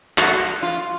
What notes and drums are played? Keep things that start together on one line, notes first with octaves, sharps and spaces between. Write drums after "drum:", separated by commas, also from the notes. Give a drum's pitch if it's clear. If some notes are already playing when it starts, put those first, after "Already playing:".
F#4, drum: clap
F4